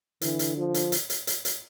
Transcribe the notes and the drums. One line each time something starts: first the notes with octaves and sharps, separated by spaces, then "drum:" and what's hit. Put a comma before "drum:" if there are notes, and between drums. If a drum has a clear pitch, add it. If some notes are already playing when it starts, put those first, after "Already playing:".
D3 E3, drum: hi-hat
drum: hi-hat
F3
drum: hi-hat
drum: hi-hat
drum: hi-hat
drum: hi-hat
drum: hi-hat